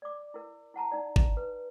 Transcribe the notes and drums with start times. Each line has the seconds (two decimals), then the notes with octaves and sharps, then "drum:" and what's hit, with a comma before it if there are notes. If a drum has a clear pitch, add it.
0.02 D5 D6
0.34 E4 A#4
0.74 E4 F#5 A5 A#5
0.92 D#4 D5
1.16 drum: kick
1.37 B4